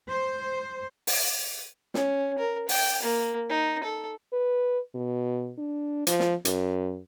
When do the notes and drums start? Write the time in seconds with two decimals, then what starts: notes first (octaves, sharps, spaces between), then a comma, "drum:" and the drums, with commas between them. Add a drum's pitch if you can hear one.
0.10 C5
1.07 drum: open hi-hat
1.94 C#4, drum: snare
2.39 A#4
2.69 G5, drum: open hi-hat
3.02 A#3
3.50 D#4
3.84 A4
4.33 B4
4.94 B2
5.58 D4
6.07 F3, drum: hi-hat
6.20 drum: snare
6.45 F#2, drum: hi-hat